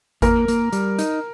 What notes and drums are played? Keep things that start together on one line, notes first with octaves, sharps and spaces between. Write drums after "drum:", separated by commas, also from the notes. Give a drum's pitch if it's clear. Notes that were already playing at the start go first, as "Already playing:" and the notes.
A#3 A#4, drum: kick G#1, hi-hat
A#3, drum: hi-hat
G3, drum: hi-hat
D#4, drum: hi-hat